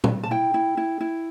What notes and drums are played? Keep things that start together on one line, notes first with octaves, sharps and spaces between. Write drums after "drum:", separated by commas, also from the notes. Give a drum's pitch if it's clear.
drum: tom A#2
A5
E4 G5
E4
E4
E4